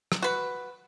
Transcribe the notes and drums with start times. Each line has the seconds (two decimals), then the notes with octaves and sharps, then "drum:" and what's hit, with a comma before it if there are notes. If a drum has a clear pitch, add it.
0.12 drum: rim click
0.22 F#4 B4